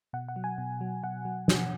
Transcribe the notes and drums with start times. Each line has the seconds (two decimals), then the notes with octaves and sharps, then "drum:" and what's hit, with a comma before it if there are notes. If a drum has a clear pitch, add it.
0.13 B2 F#5
0.29 F#5
0.36 F#3
0.44 G#5
0.58 B2
0.81 F#3
1.03 B2 F#5
1.25 F#3
1.48 B2, drum: snare